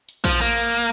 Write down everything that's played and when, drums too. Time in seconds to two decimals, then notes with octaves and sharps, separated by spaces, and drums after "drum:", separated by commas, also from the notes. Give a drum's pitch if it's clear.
0.09 drum: hi-hat
0.24 F3, drum: kick A#1
0.41 A#3
0.52 drum: tambourine